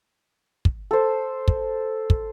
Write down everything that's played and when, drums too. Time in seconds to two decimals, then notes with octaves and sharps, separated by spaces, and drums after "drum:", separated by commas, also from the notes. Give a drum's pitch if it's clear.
0.65 drum: kick
0.91 A4 C5
1.48 drum: kick
2.10 drum: kick